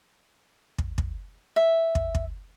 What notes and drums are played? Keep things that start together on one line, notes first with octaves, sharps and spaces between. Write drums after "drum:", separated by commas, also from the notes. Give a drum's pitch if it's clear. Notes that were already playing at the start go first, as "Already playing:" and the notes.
drum: kick
drum: kick
E5
drum: kick
drum: kick